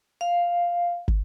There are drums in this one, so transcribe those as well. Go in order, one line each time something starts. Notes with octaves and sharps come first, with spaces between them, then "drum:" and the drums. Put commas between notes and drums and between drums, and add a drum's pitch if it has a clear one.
F5
drum: kick